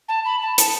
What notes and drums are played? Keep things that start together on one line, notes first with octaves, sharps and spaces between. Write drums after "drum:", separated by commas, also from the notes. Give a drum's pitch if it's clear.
A5
B5
A5
A5, drum: hi-hat